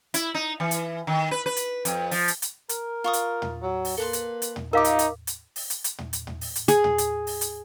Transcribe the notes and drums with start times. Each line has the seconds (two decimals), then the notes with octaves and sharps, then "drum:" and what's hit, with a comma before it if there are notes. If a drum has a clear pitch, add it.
0.14 E4, drum: hi-hat
0.34 D#4
0.60 E3
0.71 drum: hi-hat
1.07 D#3
1.31 B4
1.46 B4
1.57 drum: hi-hat
1.85 F2, drum: hi-hat
2.11 F3, drum: open hi-hat
2.28 drum: hi-hat
2.42 drum: hi-hat
2.69 A#4, drum: hi-hat
3.04 F4 C#6 D#6
3.13 drum: hi-hat
3.42 drum: tom
3.62 F#3
3.85 drum: open hi-hat
3.97 A#3 A4 B4 C6
4.13 drum: hi-hat
4.42 drum: hi-hat
4.56 drum: tom
4.73 D#4 F4 G4 A#4 F5 D6
4.84 drum: hi-hat
4.99 drum: hi-hat
5.27 drum: hi-hat
5.56 drum: open hi-hat
5.70 drum: hi-hat
5.84 drum: hi-hat
5.99 drum: tom
6.13 drum: hi-hat
6.27 drum: tom
6.41 drum: open hi-hat
6.56 drum: hi-hat
6.68 G#4, drum: hi-hat
6.84 drum: tom
6.98 drum: hi-hat
7.27 drum: open hi-hat
7.41 drum: hi-hat